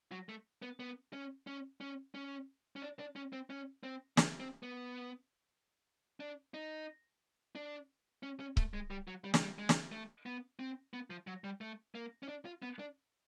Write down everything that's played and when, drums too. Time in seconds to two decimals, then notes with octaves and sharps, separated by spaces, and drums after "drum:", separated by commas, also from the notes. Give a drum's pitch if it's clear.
0.12 F#3
0.29 A3
0.62 B3
0.80 B3
1.13 C#4
1.47 C#4
1.81 C#4
2.15 C#4
2.76 C#4
2.82 D4
2.99 D4
3.16 C#4
3.33 C4
3.50 C#4
3.83 C4
4.17 B3, drum: snare
4.40 C4
4.63 B3
6.20 D4
6.54 D#4
7.55 D4
8.23 C#4
8.40 C#4
8.57 A3, drum: kick C#1
8.74 G#3
8.90 G3
9.08 F#3
9.24 G3
9.34 F#3, drum: snare
9.41 G3
9.59 G#3
9.69 drum: snare
9.92 A3
10.26 B3
10.59 C4
10.94 B3
11.10 F3
11.27 F#3
11.44 G3
11.61 A3
11.95 A#3
12.23 C#4
12.28 D4
12.45 F4
12.62 B3
12.79 D4